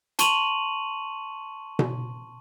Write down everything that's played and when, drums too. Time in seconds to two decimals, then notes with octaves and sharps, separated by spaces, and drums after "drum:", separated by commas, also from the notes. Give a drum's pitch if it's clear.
0.19 A5 C6 C#6 D#7 F7 F#7, drum: hi-hat
1.79 drum: tom B2